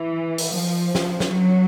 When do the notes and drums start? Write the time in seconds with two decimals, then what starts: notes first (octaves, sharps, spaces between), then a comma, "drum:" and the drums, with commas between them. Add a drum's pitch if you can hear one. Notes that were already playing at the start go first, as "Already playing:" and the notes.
Already playing: E3
0.38 drum: open hi-hat
0.55 F3
0.95 drum: snare
1.20 drum: snare
1.30 F#3